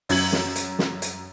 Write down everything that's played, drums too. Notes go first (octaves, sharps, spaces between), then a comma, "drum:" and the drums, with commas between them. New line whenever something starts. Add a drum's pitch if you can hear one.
F#2 G#6 F#7, drum: open hi-hat
drum: snare
drum: hi-hat
drum: snare
drum: hi-hat